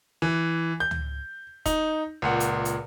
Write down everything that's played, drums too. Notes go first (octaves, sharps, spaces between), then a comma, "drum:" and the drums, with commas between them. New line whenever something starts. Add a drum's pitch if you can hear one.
E3
G6
drum: tom C#2
D#4, drum: kick, hi-hat
C#2 A#2 F#5
drum: hi-hat
drum: hi-hat